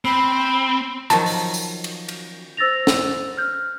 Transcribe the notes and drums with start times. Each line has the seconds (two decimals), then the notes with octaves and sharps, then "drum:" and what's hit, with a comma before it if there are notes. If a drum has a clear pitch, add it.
0.05 C4 B5
1.10 D#3 F3 F#3 A5, drum: hi-hat
1.26 drum: open hi-hat
1.54 drum: tambourine
1.84 drum: cymbal
2.08 drum: cymbal
2.57 C5 E6 A6 A#6 F7
2.87 drum: snare
3.37 F6 G6